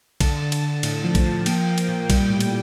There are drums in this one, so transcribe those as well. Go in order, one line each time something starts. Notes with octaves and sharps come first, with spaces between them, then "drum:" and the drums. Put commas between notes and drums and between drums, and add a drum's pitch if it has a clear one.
D3 A5, drum: kick B1, cymbal
D3
drum: cymbal
D3
A2, drum: cymbal
F3
drum: kick B1, cymbal
F3
A#3 G5, drum: cymbal
A#3
drum: cymbal
A#2
G3, drum: kick B1, cymbal
A2
drum: cymbal